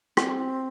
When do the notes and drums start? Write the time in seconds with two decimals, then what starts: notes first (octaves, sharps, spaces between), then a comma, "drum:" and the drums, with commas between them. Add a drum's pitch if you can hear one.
0.17 C4, drum: rim click